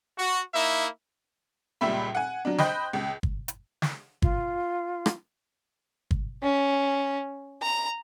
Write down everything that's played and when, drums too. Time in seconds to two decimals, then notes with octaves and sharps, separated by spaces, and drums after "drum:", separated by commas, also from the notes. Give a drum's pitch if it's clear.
0.17 F#4
0.54 A#3 D#4 E4 E5
1.81 C#2 A#2 G3 E5 B5
2.15 F#5 G#5
2.45 F#3 D4
2.58 C5 D#5 G5 B5 F#6 G6, drum: snare
2.93 C#2
3.23 drum: kick G1
3.48 drum: hi-hat
3.82 drum: snare
4.22 F4, drum: kick G1
5.06 drum: rim click
6.11 drum: kick G1
6.42 C#4
7.62 A#5